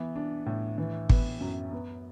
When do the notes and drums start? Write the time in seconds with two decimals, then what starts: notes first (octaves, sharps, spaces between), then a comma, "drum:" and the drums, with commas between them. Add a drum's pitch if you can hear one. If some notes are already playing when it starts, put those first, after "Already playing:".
Already playing: E3 B3
0.16 D4
0.46 A2
0.78 E3
1.09 B3, drum: kick G#1
1.41 F#2
1.73 B3